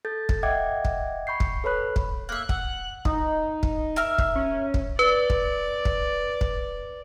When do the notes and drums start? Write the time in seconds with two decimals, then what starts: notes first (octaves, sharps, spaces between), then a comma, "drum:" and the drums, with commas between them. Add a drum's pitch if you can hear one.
0.05 A4 G6 A6
0.29 drum: kick
0.43 D#5 E5 F#5 G5 D6 G#6
0.85 drum: kick
1.27 B5 C#6 G6 C7
1.40 drum: kick
1.64 A4 B4 C#5 B5 F#6
1.96 drum: kick
2.29 A#3 E5 F#6
2.49 F#5, drum: kick
3.05 D#4, drum: kick
3.63 drum: kick
3.96 A#4 E5 F6
4.18 drum: kick
4.36 C#4
4.74 drum: kick
4.99 B4 D5
5.30 drum: kick
5.85 drum: kick
6.41 drum: kick